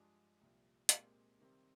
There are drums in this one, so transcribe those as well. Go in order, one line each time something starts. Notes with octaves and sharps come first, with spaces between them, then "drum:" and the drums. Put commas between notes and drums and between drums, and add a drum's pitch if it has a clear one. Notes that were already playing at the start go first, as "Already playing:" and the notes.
Already playing: G2 F3 G#3 D4 G#4
C2 A#2 F3
A#2 G#3 C4 G4 A#4, drum: hi-hat
C3 D#3 G3 C4